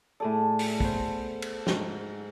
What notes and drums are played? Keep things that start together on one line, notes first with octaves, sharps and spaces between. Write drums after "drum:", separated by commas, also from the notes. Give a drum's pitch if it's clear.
A2 G#4 A4 D5
drum: open hi-hat
B3 C5, drum: kick
drum: cymbal
G#2, drum: snare